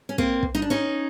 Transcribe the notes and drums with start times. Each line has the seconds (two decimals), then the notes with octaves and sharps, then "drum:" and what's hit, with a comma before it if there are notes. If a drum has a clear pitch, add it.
0.09 C#4
0.18 A#3 C4, drum: kick
0.43 drum: kick
0.55 D#4
0.62 D4
0.70 C#4 D#4